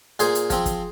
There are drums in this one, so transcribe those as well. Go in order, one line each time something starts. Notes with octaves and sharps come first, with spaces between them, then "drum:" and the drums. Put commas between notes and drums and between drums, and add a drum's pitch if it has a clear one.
A#2 G#4 C5, drum: hi-hat
drum: hi-hat
F3 C4, drum: kick, hi-hat
drum: kick, hi-hat